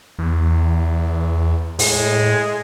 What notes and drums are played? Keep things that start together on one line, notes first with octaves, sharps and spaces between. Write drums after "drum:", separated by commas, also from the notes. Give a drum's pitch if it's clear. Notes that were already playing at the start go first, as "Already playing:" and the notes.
E2
A2 G#3, drum: open hi-hat